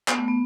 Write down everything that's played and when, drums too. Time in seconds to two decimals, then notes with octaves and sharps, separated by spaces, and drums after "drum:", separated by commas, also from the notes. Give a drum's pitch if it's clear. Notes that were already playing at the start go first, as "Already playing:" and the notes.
0.08 B3, drum: clap
0.18 A3
0.28 B3